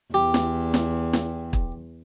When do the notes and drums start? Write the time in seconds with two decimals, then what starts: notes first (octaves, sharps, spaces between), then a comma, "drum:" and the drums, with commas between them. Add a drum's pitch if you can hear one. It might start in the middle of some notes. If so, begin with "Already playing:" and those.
0.14 E2 G4
0.34 drum: snare
0.74 drum: snare
1.13 drum: snare
1.53 drum: kick